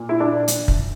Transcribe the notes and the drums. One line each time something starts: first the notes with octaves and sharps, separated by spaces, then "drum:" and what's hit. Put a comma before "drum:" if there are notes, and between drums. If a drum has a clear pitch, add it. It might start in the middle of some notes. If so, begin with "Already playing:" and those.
Already playing: A#2
E4
D4
drum: hi-hat
drum: kick